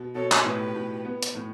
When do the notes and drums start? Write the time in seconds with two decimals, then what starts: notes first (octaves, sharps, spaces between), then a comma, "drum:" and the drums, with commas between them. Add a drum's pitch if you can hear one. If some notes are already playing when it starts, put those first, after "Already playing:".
Already playing: B2
0.14 B2 A4 C#5
0.32 drum: clap
0.44 A2 G4 B4
0.75 A2
1.05 B3
1.23 drum: hi-hat
1.35 A2